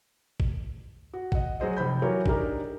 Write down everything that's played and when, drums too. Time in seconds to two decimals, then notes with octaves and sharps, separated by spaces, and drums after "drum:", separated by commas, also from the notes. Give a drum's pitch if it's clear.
0.40 drum: kick G#1
1.14 F#4
1.32 D#5 F#5, drum: kick G#1
1.60 F#3 F#4 G#4 C5 D#5
1.77 F1 C5 B5 G6
2.02 E3 F#3 G4 A#4 C#5
2.26 D4 D#4 G4 A#4, drum: kick G#1